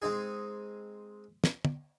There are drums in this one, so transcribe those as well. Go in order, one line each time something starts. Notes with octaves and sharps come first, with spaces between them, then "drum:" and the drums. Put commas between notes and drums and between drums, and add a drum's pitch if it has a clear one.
G#3 C4 D#4 G#4
drum: snare
drum: tom